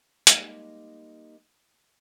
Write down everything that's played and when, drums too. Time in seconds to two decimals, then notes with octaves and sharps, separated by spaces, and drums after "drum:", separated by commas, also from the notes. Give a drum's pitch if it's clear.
0.27 G3 G#3 A#3 D#4, drum: hi-hat